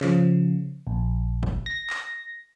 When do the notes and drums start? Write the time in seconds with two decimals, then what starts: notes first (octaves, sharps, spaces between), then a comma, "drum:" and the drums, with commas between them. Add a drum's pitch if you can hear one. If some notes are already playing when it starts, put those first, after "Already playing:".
0.01 C#3 F3, drum: clap
0.87 A#1
1.43 drum: kick
1.66 A#6
1.90 drum: clap